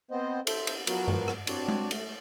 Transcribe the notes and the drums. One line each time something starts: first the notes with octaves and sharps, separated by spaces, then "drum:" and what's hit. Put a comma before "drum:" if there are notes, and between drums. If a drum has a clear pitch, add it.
B3 C4 C5 D#5
A4 C5 E5, drum: cymbal
drum: cymbal
F3 F#3 B3 F#4 A#4, drum: cymbal
drum: tom F#2
drum: rim click
C4 D4 F#4 C#5 D5 A5, drum: cymbal
drum: tom G#3
A3, drum: cymbal